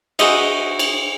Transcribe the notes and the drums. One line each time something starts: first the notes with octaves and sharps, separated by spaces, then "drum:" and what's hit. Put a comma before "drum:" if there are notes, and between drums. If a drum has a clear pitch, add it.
F#4 G#4 B4 C5 D#5 E5, drum: cymbal
drum: cymbal